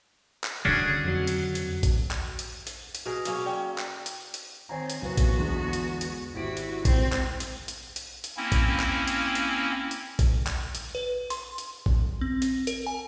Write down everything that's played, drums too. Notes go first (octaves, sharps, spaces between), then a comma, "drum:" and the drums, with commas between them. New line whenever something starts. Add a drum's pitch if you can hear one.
drum: clap
D3 D#3 C#4 D4 F#4 G#4
F2 F#3
drum: hi-hat
drum: hi-hat
drum: kick A#1, hi-hat
drum: clap
drum: hi-hat
drum: hi-hat
drum: hi-hat
B2 G#4 A#4
F#3 A#3 C#4, drum: hi-hat
D5 G5
drum: clap
drum: hi-hat
drum: hi-hat
D#3 C4 C#5 G#5 A#5
drum: hi-hat
F#1 B3 F#4 B4
drum: kick A#1, hi-hat
E2 D3 G#3
drum: hi-hat
drum: hi-hat
G#1 E4 F#4 G4 D7
drum: hi-hat
C4, drum: kick A#1, hi-hat
drum: clap
drum: hi-hat
drum: hi-hat
drum: hi-hat
drum: hi-hat
A#3 C4 C#4 E4
drum: kick A#1, hi-hat
drum: clap
drum: hi-hat
drum: hi-hat
drum: hi-hat
drum: kick A#1, hi-hat
drum: clap
drum: hi-hat
B4
C6, drum: hi-hat
drum: hi-hat
drum: kick A#1
C4
drum: hi-hat
A#4, drum: hi-hat
G#5